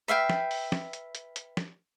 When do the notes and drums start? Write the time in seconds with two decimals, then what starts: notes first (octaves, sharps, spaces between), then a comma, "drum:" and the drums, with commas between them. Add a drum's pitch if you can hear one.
0.08 B4 E5 F5 G5
0.30 drum: snare
0.51 drum: open hi-hat
0.72 drum: snare
0.93 drum: hi-hat
1.15 drum: hi-hat
1.36 drum: hi-hat
1.57 drum: snare